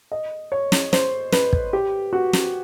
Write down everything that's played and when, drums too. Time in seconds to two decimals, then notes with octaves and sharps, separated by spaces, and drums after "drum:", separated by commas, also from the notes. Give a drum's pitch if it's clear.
0.12 D#5
0.52 C#5
0.72 drum: snare
0.93 C5, drum: snare
1.32 B4, drum: snare
1.53 drum: kick
1.73 G4
2.13 F#4
2.33 drum: snare